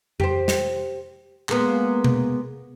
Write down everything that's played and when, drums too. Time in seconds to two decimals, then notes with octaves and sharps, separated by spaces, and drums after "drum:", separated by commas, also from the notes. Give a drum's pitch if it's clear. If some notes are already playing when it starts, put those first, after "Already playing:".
0.20 G4 C5, drum: tom F2
0.48 drum: snare
1.49 G#3 A#3 B3, drum: clap
2.04 drum: tom B2